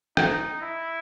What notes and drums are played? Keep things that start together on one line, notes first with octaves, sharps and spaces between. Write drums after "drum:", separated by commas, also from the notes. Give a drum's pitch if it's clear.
D#4, drum: rim click
E4